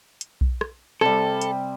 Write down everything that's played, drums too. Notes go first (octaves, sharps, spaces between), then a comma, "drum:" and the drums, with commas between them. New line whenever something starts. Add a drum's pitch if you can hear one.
drum: hi-hat
drum: kick B1
drum: rim click
C3 G3 A4, drum: rim click
drum: hi-hat